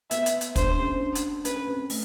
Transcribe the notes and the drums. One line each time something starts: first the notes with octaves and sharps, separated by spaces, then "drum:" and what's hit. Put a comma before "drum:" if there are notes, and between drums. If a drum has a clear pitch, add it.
B3 E5, drum: hi-hat
drum: hi-hat
drum: hi-hat
D4 C5, drum: kick, hi-hat
C#4
D4
drum: hi-hat
C#4 B4, drum: hi-hat
C4
A3, drum: open hi-hat